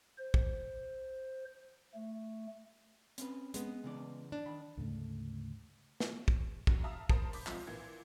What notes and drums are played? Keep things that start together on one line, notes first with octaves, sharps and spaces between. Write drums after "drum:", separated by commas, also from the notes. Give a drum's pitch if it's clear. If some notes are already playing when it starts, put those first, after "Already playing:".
C5
drum: kick
A3
C4 C#4 B4, drum: hi-hat
G#3 B3, drum: hi-hat
C#3 E3 D5
D4
D#3 B5
D2 G#2 C#3 A3
drum: snare
drum: kick
F#2 F#4, drum: kick
E5 F5 A5 A#5 D#6 E6
A#4 C5 A5 B5 D#6 A6, drum: kick
B5 D6 G6 B6, drum: open hi-hat
F3 G#3 C4 F4, drum: clap
A#2 E3 G#6